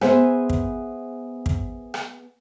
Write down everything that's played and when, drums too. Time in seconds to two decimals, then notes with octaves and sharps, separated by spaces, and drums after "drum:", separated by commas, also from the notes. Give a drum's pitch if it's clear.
0.01 B3 G#4 C5 E5 G#5, drum: rim click
0.49 drum: kick
1.46 drum: kick
1.94 drum: rim click